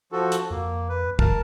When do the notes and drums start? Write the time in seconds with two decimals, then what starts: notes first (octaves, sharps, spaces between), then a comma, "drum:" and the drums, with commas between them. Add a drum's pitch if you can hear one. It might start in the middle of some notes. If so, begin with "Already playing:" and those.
0.12 F3 F#4 A4
0.32 drum: hi-hat
0.51 F2 A#3
0.89 B4
1.19 E1 A#4 A5, drum: kick